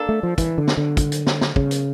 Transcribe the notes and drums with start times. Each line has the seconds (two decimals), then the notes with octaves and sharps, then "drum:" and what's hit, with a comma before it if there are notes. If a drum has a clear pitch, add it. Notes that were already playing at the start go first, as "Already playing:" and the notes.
Already playing: A#3 D4 A4
0.09 A3
0.23 F3
0.38 E3, drum: kick, hi-hat
0.58 D3
0.68 drum: snare
0.77 D3
0.97 drum: kick, hi-hat
1.12 drum: hi-hat
1.27 drum: snare
1.41 drum: snare
1.56 C#3, drum: kick
1.71 drum: hi-hat